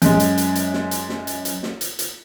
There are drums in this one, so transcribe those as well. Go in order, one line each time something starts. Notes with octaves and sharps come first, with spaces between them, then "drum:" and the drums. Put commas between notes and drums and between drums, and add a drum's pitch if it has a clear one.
F#2 G#3, drum: hi-hat
drum: hi-hat
drum: hi-hat
drum: hi-hat
drum: snare
drum: hi-hat
drum: snare
drum: hi-hat
drum: hi-hat
drum: snare
drum: hi-hat
drum: hi-hat